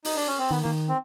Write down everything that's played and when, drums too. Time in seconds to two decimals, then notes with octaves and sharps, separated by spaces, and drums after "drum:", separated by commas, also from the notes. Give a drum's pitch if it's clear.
0.05 D#4, drum: open hi-hat
0.16 D4
0.27 C#4
0.39 C4
0.50 D#3 B3
0.62 D#3 A#3
0.89 C4